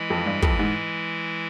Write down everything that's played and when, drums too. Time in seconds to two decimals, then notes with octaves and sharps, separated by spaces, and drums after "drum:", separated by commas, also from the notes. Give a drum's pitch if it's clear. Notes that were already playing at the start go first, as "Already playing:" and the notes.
Already playing: E3 G#3 E4
0.10 F2
0.26 G2
0.42 F2, drum: kick
0.59 G#2